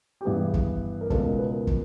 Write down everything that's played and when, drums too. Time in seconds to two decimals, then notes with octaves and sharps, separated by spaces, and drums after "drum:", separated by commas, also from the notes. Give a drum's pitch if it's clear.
0.21 G4
0.25 G2 E3 G3 B3 G#4
0.54 drum: kick
1.01 A#4
1.10 C#2 B2 G#3 B3 A4, drum: kick
1.24 A#4
1.39 B4
1.52 A#4
1.67 drum: kick